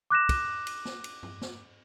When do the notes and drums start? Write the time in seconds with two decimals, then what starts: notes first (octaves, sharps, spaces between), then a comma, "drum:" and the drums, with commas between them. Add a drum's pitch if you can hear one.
0.10 D6 F#6 A#6 E7
0.29 drum: kick, cymbal
0.67 drum: cymbal
0.85 drum: snare
1.04 drum: cymbal
1.23 drum: tom G2
1.42 drum: snare